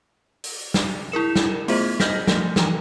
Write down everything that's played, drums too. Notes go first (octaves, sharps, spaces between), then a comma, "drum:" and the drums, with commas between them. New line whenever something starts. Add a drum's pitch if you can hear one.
drum: open hi-hat
drum: snare
E4 G#4 A#4 E7
drum: snare
A3 B3 F4 G#4 C5 D#5, drum: open hi-hat
D#5 F6 G6 A#6 B6, drum: snare
F3 A3, drum: snare
E3 F3 A#5, drum: snare